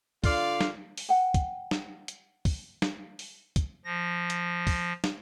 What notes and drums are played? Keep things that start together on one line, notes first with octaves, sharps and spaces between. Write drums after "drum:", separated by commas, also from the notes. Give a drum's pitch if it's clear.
D3 F4 D5 F5, drum: kick, open hi-hat
drum: snare
drum: open hi-hat
F#5 G5
drum: kick, hi-hat
drum: snare
drum: hi-hat
drum: kick, open hi-hat
drum: snare
drum: open hi-hat
drum: kick, hi-hat
F3 A#6
drum: hi-hat
drum: kick, open hi-hat
drum: snare